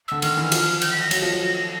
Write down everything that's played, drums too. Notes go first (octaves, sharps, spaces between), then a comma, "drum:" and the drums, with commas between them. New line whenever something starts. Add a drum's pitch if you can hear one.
D3 E6
D#3 F6, drum: cymbal
E3
F3, drum: cymbal
G6, drum: cymbal
B6
A#6
F#3, drum: cymbal
F3
F#3